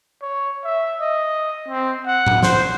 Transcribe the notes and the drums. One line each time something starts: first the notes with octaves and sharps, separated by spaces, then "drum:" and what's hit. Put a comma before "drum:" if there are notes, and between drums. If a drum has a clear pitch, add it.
C#5
E5
D#5
C4
F#5
drum: tom A2
C5, drum: snare